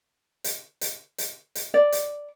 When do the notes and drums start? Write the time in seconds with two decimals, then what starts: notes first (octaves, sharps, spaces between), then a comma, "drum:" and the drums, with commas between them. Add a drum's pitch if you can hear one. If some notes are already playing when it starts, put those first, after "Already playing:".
0.44 drum: hi-hat
0.81 drum: hi-hat
1.18 drum: hi-hat
1.55 drum: hi-hat
1.74 D5
1.92 drum: hi-hat